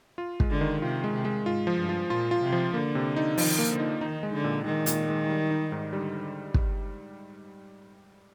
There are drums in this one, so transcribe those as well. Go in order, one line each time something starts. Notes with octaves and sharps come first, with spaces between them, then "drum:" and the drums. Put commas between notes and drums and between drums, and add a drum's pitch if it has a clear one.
F4
G#3, drum: kick
D3
D#3
C3 F4
G#3
C3
G#3
G#2 F4
F3
G2
F4
A#2 F4
F4
C3
F3
D3 A#3
C3
D#4
D#3 F3, drum: open hi-hat
A#3
D3
D#4
D#3 D#4
G#3
D3
A#2
D#3 G#3
A#2, drum: hi-hat
G#3
G3
D#4
G#2
D3 G3
drum: kick